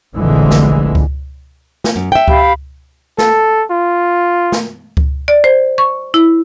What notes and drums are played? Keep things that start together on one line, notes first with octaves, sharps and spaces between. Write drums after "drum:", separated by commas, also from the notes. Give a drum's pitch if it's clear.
F1 A#1 D3 E3 G#3
drum: snare
drum: kick C#2
drum: snare
F#2
E5 G5
G4 F5 B5, drum: kick C#2
A4, drum: snare
F4
drum: snare
drum: kick C#2
D5
C5
C#6
E4